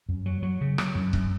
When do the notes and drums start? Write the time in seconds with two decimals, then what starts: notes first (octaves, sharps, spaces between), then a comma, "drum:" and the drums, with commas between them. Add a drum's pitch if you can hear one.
0.09 F#2
0.26 F#3
0.43 F#3
0.61 C#3
0.78 F#3, drum: rim click
0.95 F#2
1.13 F#2, drum: kick C#1